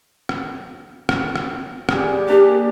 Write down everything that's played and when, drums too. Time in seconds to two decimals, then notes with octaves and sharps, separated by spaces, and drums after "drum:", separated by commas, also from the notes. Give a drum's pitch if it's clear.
0.29 drum: rim click
1.09 drum: rim click
1.36 drum: rim click
1.89 G4 G#4 D5, drum: rim click
2.28 A#3 D4 G4